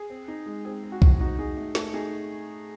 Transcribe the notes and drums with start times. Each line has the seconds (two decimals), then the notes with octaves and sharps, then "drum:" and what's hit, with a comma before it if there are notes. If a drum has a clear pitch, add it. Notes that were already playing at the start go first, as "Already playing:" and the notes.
Already playing: G#4
0.10 C4
0.28 D#4
0.46 G#3
0.65 C4 G#4
0.83 C4
0.92 F#4
1.02 A2, drum: kick C2
1.20 D#4 F#4
1.38 D#4 G#4
1.57 A3
1.75 A3 A4, drum: snare
1.94 D#4 G#4